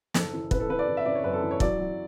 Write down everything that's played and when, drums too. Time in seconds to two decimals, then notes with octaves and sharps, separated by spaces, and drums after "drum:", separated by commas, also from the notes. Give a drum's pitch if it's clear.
0.14 F#1 A4, drum: snare
0.33 E3
0.51 F#1 B4, drum: kick
0.60 A4
0.69 E3 B4
0.79 D5
0.88 E3
0.97 E5
1.06 F#1 D5
1.15 C#5
1.24 F#2 B4
1.33 A4
1.42 E3
1.51 C#5
1.60 F#3 D5, drum: kick
1.79 F#3